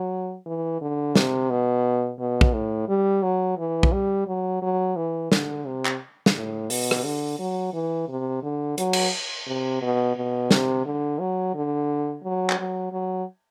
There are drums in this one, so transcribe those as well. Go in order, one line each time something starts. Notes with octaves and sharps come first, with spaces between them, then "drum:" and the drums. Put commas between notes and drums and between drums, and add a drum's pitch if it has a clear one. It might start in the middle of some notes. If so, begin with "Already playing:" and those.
Already playing: F#3
E3
D3
C3, drum: snare
B2
B2
drum: kick
A2
G3
F#3
E3
drum: kick
G3
F#3
F#3
E3
D3, drum: snare
C3
drum: clap
drum: snare
A2
B2, drum: open hi-hat
drum: rim click
D3
F#3
E3
C3
D3
F#3, drum: hi-hat
drum: cymbal
C3
B2
B2
C3, drum: snare
D3
F#3
D3
F#3
drum: clap
F#3
F#3